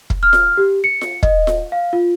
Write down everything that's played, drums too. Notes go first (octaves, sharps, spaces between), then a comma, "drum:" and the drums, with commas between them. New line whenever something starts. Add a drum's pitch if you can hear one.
drum: kick
F6
drum: snare F4
G4
C#7
drum: snare F4
D#5, drum: kick
drum: snare F4
F5
F4